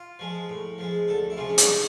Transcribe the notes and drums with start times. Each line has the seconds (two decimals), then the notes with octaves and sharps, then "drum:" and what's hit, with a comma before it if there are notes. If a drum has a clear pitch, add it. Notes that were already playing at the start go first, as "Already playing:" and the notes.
Already playing: F4
0.19 F3 G#3
0.49 A2
0.78 F3 G#3
1.08 D2 A4
1.30 E4
1.37 C3 F3 G#3 F4
1.48 C#4
1.58 D4, drum: hi-hat
1.66 D#4